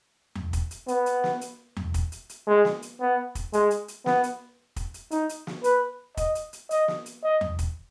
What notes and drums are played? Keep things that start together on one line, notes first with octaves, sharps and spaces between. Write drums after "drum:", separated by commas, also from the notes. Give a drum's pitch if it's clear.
drum: tom E2
drum: kick, hi-hat
drum: hi-hat
B3, drum: hi-hat
drum: hi-hat
drum: snare
drum: hi-hat
drum: tom E2
drum: kick, hi-hat
drum: hi-hat
drum: hi-hat
G#3
drum: snare
drum: hi-hat
B3
drum: kick, hi-hat
G#3, drum: hi-hat
drum: hi-hat
drum: hi-hat
B3, drum: snare
drum: hi-hat
drum: kick, hi-hat
drum: hi-hat
D#4, drum: hi-hat
drum: hi-hat
drum: snare
B4, drum: hi-hat
D#5, drum: kick, hi-hat
drum: hi-hat
drum: hi-hat
D#5, drum: hi-hat
drum: snare
drum: hi-hat
D#5
drum: tom E2
drum: kick, hi-hat